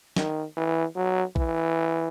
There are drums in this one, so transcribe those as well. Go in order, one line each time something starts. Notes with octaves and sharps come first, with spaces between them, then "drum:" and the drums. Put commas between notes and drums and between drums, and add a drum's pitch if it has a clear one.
D#3, drum: snare
E3
F#3
E3, drum: kick